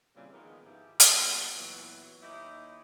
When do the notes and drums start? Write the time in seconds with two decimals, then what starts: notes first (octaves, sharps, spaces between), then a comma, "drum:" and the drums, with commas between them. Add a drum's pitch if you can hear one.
0.16 A#2 C#3 E3 G3 C4
0.32 D#3 F3 G#3 B3
0.65 G#2 F3 E4 G4
1.00 A#2 G3 A#3 B3, drum: hi-hat
1.56 A#2 E3 F#3 B3
2.22 D#2 D#4 E4 G4 C#5